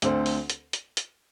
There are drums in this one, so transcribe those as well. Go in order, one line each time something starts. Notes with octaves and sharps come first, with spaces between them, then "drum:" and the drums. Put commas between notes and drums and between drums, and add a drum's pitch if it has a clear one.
D2 D3 C4 A4 C5, drum: hi-hat
drum: open hi-hat
drum: hi-hat
drum: hi-hat
drum: hi-hat